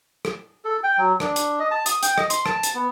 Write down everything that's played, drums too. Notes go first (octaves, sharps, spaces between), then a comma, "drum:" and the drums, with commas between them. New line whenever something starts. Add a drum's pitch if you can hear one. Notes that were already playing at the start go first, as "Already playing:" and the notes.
drum: rim click
A4
G5
F#3
D4, drum: rim click
drum: hi-hat
D#5
A5
D#6, drum: hi-hat
G5, drum: hi-hat
D#5, drum: rim click
C6, drum: hi-hat
A5, drum: rim click
drum: hi-hat
B3